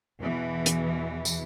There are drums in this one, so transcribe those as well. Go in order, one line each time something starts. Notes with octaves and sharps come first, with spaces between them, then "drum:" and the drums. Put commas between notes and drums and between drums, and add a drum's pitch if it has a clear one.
E2 B2 E3
drum: hi-hat
drum: tambourine